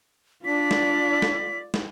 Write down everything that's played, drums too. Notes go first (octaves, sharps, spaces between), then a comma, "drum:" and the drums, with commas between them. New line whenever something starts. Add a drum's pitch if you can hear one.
D4 F4 D5 B6
drum: snare
drum: snare
drum: snare